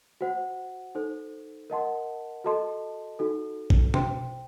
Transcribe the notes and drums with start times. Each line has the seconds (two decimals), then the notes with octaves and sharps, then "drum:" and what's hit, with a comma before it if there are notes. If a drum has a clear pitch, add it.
0.21 F#4 C5 F#5
0.95 D#4 A4 C5
1.70 A#4 D#5 F#5 A5 C6
2.44 F#4 A4 D#5 A5 C6
3.19 D#4 F#4 A4
3.70 drum: kick
3.94 C5 G5 C6, drum: tom B2